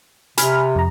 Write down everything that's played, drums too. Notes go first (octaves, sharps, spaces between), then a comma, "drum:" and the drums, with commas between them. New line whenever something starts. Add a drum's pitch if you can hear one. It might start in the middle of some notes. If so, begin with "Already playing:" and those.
C3 G#5 B5 F6, drum: hi-hat
F2 A#5